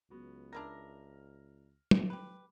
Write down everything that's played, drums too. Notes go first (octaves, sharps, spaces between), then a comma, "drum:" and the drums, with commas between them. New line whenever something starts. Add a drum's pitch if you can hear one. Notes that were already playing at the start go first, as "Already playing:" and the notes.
C#2 F#3 B3 F#4
D4 E4 A#4 F6 A#6
drum: tom
G4 B4